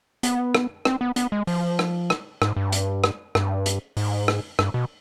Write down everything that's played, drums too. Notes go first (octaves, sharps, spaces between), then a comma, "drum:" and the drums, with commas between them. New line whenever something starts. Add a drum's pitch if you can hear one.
B3, drum: hi-hat
drum: rim click
C4, drum: rim click
B3
B3, drum: hi-hat
G#3
F3, drum: open hi-hat
drum: rim click
drum: rim click
G#2, drum: rim click
G2
drum: hi-hat
drum: rim click
G2, drum: rim click
drum: hi-hat
G#2, drum: open hi-hat
drum: rim click
G2, drum: rim click
B2